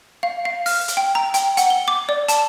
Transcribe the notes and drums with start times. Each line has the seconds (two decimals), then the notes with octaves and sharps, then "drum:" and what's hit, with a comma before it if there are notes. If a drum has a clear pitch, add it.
0.23 F5
0.45 F5
0.66 F6, drum: open hi-hat
0.88 drum: hi-hat
0.97 G5
1.15 A#5
1.34 G5, drum: hi-hat
1.57 F#5, drum: hi-hat
1.70 G7
1.88 D6
2.09 D5
2.29 A5, drum: hi-hat